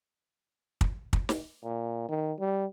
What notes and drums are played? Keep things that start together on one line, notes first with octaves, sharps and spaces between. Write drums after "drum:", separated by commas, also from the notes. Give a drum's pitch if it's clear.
drum: kick
drum: kick
drum: snare
A#2
D#3
G3